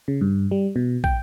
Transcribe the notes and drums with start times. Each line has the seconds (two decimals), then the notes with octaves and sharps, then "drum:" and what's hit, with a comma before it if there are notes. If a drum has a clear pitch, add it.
0.08 C#3
0.21 G2
0.51 G3
0.76 B2
1.04 G5, drum: kick